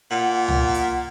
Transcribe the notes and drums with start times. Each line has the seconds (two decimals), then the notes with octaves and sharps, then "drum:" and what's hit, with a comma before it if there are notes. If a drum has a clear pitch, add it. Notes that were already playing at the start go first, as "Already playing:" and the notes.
0.11 A#2 F#5
0.48 drum: tom C2
0.74 drum: hi-hat